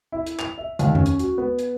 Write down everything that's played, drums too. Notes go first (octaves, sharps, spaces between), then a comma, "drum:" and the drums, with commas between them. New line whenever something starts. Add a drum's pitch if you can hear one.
E4
drum: hi-hat
F7, drum: clap
E5
D#2, drum: hi-hat
C#4, drum: tom F2
drum: hi-hat
F#4, drum: hi-hat
B3
drum: hi-hat